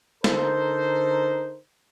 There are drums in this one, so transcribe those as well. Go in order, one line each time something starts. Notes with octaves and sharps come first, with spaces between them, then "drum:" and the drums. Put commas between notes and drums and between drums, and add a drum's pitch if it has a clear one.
D3 D#4 A4 A#4 C5, drum: snare